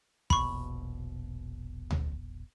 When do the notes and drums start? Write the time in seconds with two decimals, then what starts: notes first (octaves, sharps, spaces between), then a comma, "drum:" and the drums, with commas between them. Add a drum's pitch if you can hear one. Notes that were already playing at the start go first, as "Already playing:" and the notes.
0.30 E1 A#1 B2 B5 C#6, drum: kick
1.91 drum: tom D2